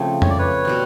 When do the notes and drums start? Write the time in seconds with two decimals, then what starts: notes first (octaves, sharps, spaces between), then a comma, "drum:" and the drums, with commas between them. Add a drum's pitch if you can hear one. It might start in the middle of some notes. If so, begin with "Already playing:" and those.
Already playing: C#3 F3 A3 C4
0.22 C#5, drum: tom F2
0.30 D5
0.38 B4 C#5
0.65 B2 G3 C4